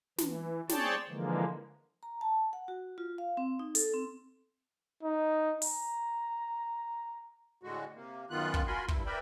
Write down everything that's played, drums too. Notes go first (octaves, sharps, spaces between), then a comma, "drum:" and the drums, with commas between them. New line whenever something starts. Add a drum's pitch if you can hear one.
E3, drum: snare
C4 G#4 C#5 D5 G5 A5, drum: snare
D3 E3 F3 G#3 A#3
A#5
A5
F#5
F#4
F4
F5
C4
D#4
A4, drum: hi-hat
C4
D#4
A#5, drum: open hi-hat
A2 D3 G#3 F#4
C3 A#3
F#2 D#3 B3 F4 F#6
drum: kick
F4 F#4 A#4 G#5 B5 C6
G2 E4, drum: kick
A#4 B4 D5 E5 G5 B5